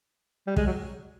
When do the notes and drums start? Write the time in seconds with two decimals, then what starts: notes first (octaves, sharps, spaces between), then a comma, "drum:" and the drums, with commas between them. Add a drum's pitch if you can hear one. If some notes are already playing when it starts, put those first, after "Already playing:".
0.47 G3
0.57 G#3, drum: kick
0.67 F#3